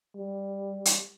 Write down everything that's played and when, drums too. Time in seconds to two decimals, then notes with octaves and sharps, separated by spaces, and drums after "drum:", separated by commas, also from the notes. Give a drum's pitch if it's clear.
0.16 G3
0.85 drum: hi-hat